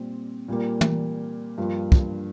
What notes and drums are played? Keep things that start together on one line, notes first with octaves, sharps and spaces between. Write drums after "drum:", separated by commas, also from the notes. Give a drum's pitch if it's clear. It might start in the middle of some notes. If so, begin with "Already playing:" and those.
Already playing: A#2 G3 C4
A#2 G3 A#3
drum: tom
G2 F3 A#3 F4
drum: kick